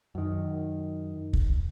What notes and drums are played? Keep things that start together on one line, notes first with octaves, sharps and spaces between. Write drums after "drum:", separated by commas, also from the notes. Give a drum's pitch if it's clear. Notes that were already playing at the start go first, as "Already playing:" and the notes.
F#2 D#3
drum: kick